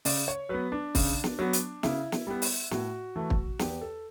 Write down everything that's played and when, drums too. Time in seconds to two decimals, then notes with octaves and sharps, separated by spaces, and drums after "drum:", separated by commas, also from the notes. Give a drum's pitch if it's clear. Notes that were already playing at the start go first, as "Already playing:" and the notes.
0.05 C#3 D5, drum: open hi-hat
0.28 C#5
0.49 F#3 B3 B4
0.72 D4
0.95 C#3, drum: kick, open hi-hat
1.24 drum: snare
1.39 F#3 B3
1.53 drum: hi-hat
1.83 C#3 E4, drum: snare
2.12 drum: snare
2.27 G3 B3
2.42 drum: open hi-hat
2.71 A2 F#4, drum: snare
3.16 E3 A3
3.30 drum: kick
3.59 E2 G4, drum: snare
3.81 A4